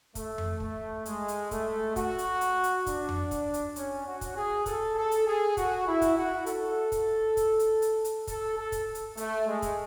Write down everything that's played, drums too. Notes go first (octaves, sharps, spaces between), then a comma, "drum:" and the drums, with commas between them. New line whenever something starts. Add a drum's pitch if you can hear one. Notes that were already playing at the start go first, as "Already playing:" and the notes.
A3, drum: kick, hi-hat
drum: tom F2
A3, drum: kick
G#3, drum: hi-hat
drum: hi-hat
A3, drum: kick, hi-hat
F#4, drum: kick, hi-hat
drum: hi-hat
drum: hi-hat
drum: hi-hat
D4, drum: kick, hi-hat
drum: tom F2
drum: kick, hi-hat
drum: hi-hat
C#4, drum: hi-hat
F#4
drum: kick, hi-hat
G#4
A4, drum: kick, hi-hat
A4
drum: hi-hat
G#4
F#4, drum: kick, hi-hat
E4
drum: kick, hi-hat
F#4
A4, drum: hi-hat
drum: kick, hi-hat
drum: kick, hi-hat
drum: hi-hat
drum: hi-hat
drum: hi-hat
A4, drum: kick, hi-hat
A4
drum: kick, hi-hat
drum: hi-hat
A3, drum: hi-hat
G#3
drum: kick, hi-hat